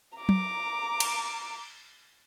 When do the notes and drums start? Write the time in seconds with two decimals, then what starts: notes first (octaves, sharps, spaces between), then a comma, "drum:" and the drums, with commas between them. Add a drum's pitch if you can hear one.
0.17 A#5 D6
0.29 drum: tom F#3
1.00 drum: cymbal